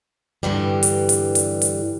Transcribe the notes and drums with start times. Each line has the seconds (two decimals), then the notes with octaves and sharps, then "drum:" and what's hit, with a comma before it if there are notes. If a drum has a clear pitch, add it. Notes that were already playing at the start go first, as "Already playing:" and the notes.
0.43 G2 D3 E3 G3
0.83 drum: hi-hat
1.09 drum: hi-hat
1.35 drum: hi-hat
1.62 drum: hi-hat